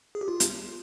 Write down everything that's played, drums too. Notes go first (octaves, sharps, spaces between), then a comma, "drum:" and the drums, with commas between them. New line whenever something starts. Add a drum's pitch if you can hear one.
G#4
G4
F4
drum: hi-hat